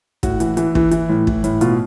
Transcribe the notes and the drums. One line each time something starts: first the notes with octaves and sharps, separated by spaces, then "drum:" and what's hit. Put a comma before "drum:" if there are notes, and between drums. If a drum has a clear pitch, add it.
A2 F#4, drum: kick, hi-hat
E3, drum: hi-hat
E3, drum: hi-hat
E3, drum: kick
E3, drum: hi-hat
A2
E3, drum: kick
A2, drum: hi-hat
B2 F4, drum: hi-hat